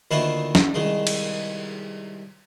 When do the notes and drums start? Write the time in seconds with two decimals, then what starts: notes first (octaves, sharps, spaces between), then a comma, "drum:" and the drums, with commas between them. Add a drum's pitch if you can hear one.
0.11 D2 D#3 A#3 E4 F4 B4
0.55 drum: snare
0.74 C2 D#3 G#3
1.07 drum: cymbal